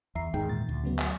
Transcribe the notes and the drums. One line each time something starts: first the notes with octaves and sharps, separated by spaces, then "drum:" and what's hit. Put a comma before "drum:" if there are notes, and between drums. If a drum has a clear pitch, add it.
E2 E5 A#5 C7
E2 G#2 D#3 D#4 G#4 G5
A#2 A6
D2
C#3 F#3 B3
F#3, drum: clap